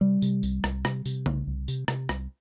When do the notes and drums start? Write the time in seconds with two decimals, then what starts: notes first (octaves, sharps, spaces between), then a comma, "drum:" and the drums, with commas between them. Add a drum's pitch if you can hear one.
0.01 C3 G3
0.22 C3, drum: tambourine
0.43 C2, drum: tambourine
0.64 C2, drum: rim click
0.85 C3, drum: rim click
1.06 C3, drum: tambourine
1.26 C2, drum: tom C#3
1.47 C2
1.68 C3, drum: tambourine
1.88 C3, drum: rim click
2.09 C2, drum: rim click